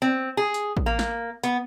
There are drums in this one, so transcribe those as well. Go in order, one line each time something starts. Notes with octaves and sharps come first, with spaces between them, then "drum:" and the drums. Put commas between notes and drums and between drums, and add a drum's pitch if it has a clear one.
C4
G#4
drum: hi-hat
drum: kick
A#3
drum: snare
B3, drum: hi-hat